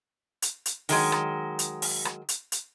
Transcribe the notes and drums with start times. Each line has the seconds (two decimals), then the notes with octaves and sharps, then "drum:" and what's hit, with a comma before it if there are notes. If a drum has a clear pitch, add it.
0.42 drum: hi-hat
0.66 drum: hi-hat
0.89 D#3 F#3 G#3, drum: open hi-hat
1.12 drum: rim click
1.59 drum: hi-hat
1.82 drum: open hi-hat
2.05 drum: rim click
2.29 drum: hi-hat
2.52 drum: hi-hat